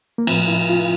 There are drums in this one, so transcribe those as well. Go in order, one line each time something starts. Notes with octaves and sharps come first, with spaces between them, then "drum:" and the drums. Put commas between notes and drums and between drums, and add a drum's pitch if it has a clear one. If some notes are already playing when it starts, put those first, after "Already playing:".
A#3
A2 F3 C4, drum: cymbal
E4
F4